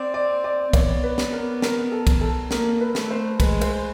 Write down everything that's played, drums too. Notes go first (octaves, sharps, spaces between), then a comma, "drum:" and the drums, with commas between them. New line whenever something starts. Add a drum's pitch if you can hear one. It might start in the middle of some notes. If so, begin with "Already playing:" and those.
Already playing: C4 D5
D5
D5
B3 C#5, drum: kick, cymbal
B4
drum: snare
A#4
A#4, drum: snare
A4
drum: kick, cymbal
A4
A#3 A#4, drum: snare
B4
A3, drum: snare
C5
G#3 B4, drum: kick, cymbal
C5, drum: cymbal